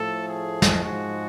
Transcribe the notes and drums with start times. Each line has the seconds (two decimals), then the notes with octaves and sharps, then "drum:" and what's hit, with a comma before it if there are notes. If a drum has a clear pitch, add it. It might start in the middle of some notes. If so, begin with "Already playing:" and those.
Already playing: A2 F3 A3 A4
0.28 G#4
0.62 drum: snare
0.83 G#2 F3 G#3 F#4